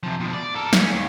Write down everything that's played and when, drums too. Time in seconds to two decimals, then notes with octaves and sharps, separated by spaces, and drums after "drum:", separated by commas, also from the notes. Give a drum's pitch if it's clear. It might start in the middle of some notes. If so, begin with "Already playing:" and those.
0.03 C3 F3
0.20 B2 F3
0.33 D5
0.55 A4 A#4
0.73 C#4, drum: snare
0.91 D#2